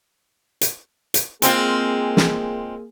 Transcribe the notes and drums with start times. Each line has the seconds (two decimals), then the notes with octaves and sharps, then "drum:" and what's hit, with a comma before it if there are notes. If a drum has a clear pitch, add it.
0.61 drum: hi-hat
1.14 drum: hi-hat
1.42 G#3 A#3 C4 F4 G#4, drum: hi-hat
2.17 drum: snare